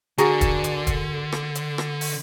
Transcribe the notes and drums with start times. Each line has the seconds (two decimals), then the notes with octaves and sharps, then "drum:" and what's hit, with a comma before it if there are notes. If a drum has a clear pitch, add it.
0.18 D3 F#4 G#4 A#4, drum: hi-hat
0.41 drum: kick, hi-hat
0.64 drum: hi-hat
0.87 drum: kick, hi-hat
1.32 drum: rim click
1.55 drum: hi-hat
1.78 drum: rim click
2.01 drum: open hi-hat